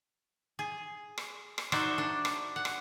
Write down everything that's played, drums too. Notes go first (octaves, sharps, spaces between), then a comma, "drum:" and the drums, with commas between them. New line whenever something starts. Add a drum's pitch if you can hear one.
G#4
drum: rim click
drum: rim click
D#4 F#4 C5 D5 E5, drum: rim click
D4
drum: rim click
F#5
drum: rim click